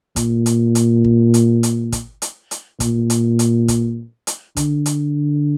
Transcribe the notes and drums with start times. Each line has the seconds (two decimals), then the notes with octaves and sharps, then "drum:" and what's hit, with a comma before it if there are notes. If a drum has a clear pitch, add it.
0.16 A#2, drum: kick, hi-hat
0.46 drum: hi-hat
0.75 drum: hi-hat
1.04 drum: kick
1.34 drum: hi-hat
1.63 drum: hi-hat
1.92 drum: kick, hi-hat
2.22 drum: hi-hat
2.51 drum: hi-hat
2.80 A#2, drum: kick, hi-hat
3.10 drum: hi-hat
3.39 drum: hi-hat
3.68 drum: kick, hi-hat
4.27 drum: hi-hat
4.57 D3, drum: kick, hi-hat
4.86 drum: hi-hat